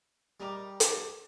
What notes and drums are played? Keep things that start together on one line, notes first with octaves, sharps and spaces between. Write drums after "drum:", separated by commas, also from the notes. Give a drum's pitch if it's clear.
G3 A#4 D#5 A#5 D6
drum: hi-hat